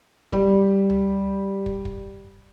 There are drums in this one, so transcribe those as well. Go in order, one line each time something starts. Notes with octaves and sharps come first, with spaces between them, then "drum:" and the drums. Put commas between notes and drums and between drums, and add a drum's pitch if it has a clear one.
G3 G4, drum: kick
drum: tom C#2
drum: kick
drum: kick